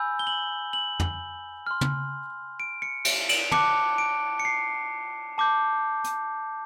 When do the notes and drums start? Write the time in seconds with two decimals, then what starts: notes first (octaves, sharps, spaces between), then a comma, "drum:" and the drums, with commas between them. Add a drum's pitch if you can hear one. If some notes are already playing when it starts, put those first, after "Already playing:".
Already playing: G#5 B5 E6 G6
0.19 G7
0.27 F#7
0.73 F#7
1.00 drum: tom
1.66 C6 F6
1.81 drum: tom
2.60 D7
2.82 C#7
3.05 D7, drum: cymbal
3.29 D7, drum: cymbal
3.52 A5 D6 F#6 C#7, drum: tom
3.98 D7
4.39 C#7
4.45 C7
5.38 A5 D6 G6
6.04 drum: hi-hat